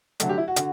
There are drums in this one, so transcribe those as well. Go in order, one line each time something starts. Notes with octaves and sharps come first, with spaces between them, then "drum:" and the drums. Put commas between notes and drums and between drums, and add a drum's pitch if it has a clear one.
D3 F#3 A3, drum: hi-hat
G4
E4
F#4
D3, drum: hi-hat